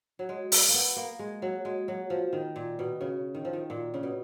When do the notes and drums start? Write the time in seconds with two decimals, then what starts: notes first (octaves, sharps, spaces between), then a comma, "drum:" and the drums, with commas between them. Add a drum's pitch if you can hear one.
0.19 F#3
0.29 G#3
0.52 A#3, drum: open hi-hat
0.68 A#3
0.74 B3
0.96 A#3
1.19 G#3
1.42 F#3
1.65 G#3
1.88 F#3
2.10 F3
2.33 D#3
2.56 A#2
2.79 B2
3.01 C#3
3.34 D#3
3.45 F3
3.53 D#3
3.70 A#2
3.94 C#3
4.03 B2